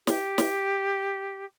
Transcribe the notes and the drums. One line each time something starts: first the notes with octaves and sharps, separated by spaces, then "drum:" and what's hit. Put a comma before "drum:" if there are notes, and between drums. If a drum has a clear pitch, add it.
G4, drum: snare
drum: snare